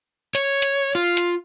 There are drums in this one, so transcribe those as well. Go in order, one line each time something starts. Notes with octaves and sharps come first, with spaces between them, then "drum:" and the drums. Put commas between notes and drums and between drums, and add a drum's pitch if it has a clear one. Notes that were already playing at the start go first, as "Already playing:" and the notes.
C#5, drum: hi-hat
drum: hi-hat
F4
drum: hi-hat